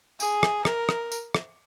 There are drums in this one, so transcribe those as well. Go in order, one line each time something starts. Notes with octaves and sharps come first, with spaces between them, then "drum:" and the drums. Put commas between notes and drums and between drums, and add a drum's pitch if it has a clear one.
G#4, drum: tambourine
drum: rim click
A#4, drum: rim click
drum: rim click
drum: tambourine
drum: rim click